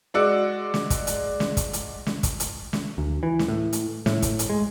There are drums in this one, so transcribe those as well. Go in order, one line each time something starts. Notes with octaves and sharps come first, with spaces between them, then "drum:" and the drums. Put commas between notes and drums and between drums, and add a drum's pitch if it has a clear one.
G#3 F#4 D5 E6 C#7
drum: snare
drum: kick, hi-hat
drum: hi-hat
drum: snare
drum: kick, hi-hat
drum: hi-hat
drum: snare
drum: kick, hi-hat
drum: hi-hat
drum: snare
D2
E3
drum: snare
A2
drum: hi-hat
A2, drum: snare
drum: kick, hi-hat
drum: hi-hat
G#3